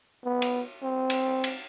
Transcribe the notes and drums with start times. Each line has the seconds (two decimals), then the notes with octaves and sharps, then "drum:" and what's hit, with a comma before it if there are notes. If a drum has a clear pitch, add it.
0.25 B3
0.42 drum: cymbal
0.83 C4
1.10 drum: cymbal
1.44 drum: cymbal